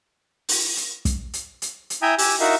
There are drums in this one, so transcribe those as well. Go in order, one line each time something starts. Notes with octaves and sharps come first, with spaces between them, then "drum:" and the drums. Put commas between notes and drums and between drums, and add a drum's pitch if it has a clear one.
drum: open hi-hat
drum: hi-hat
drum: kick, hi-hat
drum: hi-hat
drum: hi-hat
drum: hi-hat
E4 E5 G5 G#5 A#5 D#6
G4 G#5 E6, drum: open hi-hat
D#4 E4 F#4 A#4 E5 F5